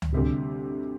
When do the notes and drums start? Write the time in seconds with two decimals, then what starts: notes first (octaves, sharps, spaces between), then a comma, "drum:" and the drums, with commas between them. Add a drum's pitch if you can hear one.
0.02 drum: tom C#2
0.12 D2 C3 G3